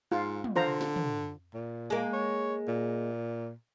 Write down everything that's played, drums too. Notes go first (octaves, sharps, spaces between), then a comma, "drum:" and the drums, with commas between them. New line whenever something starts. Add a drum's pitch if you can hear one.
G#2 F4
drum: tom
D3 F4 C5 A#5
drum: snare
drum: tom
A#2
G#3 A#3
C#5
A#2